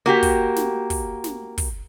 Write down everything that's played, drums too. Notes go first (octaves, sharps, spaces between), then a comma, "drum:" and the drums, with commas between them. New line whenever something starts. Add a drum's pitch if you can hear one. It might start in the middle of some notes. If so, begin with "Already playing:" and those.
A#3 F#4 G4
drum: kick, open hi-hat
drum: snare
drum: kick, open hi-hat
drum: snare
drum: kick, open hi-hat